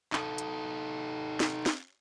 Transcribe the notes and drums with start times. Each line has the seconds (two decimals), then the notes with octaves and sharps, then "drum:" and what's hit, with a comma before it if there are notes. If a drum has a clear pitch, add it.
0.13 D#4 A4, drum: clap
0.38 drum: hi-hat
1.40 drum: snare
1.66 drum: snare